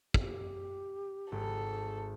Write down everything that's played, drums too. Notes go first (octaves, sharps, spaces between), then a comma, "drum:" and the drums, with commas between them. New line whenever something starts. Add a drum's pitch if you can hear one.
G4, drum: kick
G#1 A4